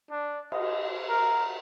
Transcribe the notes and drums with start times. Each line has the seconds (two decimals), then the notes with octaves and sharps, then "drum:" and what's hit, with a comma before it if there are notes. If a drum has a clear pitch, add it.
0.11 D4
0.52 D#5, drum: cymbal
1.09 A#4